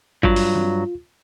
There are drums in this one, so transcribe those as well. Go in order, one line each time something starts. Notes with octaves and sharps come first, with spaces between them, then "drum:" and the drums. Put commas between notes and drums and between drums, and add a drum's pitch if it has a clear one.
G2 F#3 F4, drum: kick G#1
drum: open hi-hat
drum: tom E3